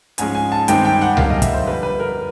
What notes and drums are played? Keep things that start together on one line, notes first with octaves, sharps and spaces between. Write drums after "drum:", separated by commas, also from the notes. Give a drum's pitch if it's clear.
G#2 F3 G#3 C#4 G#5, drum: hi-hat
G#5
A5
G2 D#3 G#3 C4 D#4 G5, drum: hi-hat
G5
F#5
F#2 D3 G3 A#3 F5, drum: tom C#2
D#5
E5, drum: kick, hi-hat
C5
F2 D3 G3 B4
B4
A#4